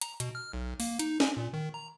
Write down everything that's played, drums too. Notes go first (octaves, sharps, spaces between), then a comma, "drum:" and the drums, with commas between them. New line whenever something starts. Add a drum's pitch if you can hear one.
A#5, drum: hi-hat
B2, drum: hi-hat
F6
B1
A#3, drum: open hi-hat
D#4, drum: hi-hat
G#5, drum: snare
A#2
D#3
A#5